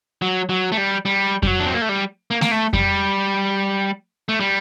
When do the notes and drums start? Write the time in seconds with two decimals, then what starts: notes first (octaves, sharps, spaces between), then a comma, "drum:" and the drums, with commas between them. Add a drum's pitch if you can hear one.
0.22 F#3
0.49 F#3
0.72 A3
0.77 G3
1.05 G3
1.43 G3, drum: kick F2
1.47 F#3
1.60 D4
1.66 C4
1.74 A#3
1.82 A3
1.89 G3
2.31 A#3
2.41 A#3, drum: snare A3
2.51 A3
2.73 G3, drum: kick F2
4.29 A3
4.40 G3